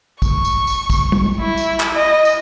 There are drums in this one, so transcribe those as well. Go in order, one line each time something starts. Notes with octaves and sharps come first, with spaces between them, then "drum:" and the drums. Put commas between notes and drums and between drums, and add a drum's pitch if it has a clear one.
C#6, drum: kick, tambourine
drum: tambourine
drum: tambourine
drum: kick, tambourine
drum: tom
E4
drum: tambourine
drum: clap
D#5
drum: tambourine